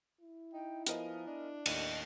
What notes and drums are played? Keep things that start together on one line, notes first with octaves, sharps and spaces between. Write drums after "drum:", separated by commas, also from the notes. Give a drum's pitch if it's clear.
E4
D#4 G5
F3 B3 A#4 D#5 G#5, drum: hi-hat
D4
D#2 A2 D#5, drum: cymbal